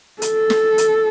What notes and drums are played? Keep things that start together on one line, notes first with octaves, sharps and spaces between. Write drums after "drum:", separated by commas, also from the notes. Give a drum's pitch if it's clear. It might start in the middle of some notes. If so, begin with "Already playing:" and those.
A4, drum: hi-hat
drum: snare
drum: hi-hat